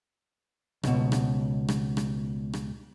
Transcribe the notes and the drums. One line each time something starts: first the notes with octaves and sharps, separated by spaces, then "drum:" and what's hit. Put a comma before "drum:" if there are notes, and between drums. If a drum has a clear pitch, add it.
C#2 B2, drum: rim click
drum: rim click
drum: rim click
drum: rim click
drum: rim click